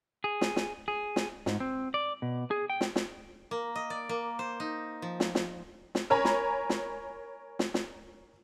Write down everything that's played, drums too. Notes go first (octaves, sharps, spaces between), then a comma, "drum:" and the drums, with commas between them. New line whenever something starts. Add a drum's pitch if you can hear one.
G#4
drum: snare
drum: snare
G#4
drum: snare
G#2, drum: snare
C4
D5
B2
G#4
G5
drum: snare
drum: snare
A#3
D#5
D5
A#3
C5
D#4
F3
drum: snare
drum: snare
drum: snare
A#4 C#5 G#5 A#5 B5
drum: snare
drum: snare
drum: snare
drum: snare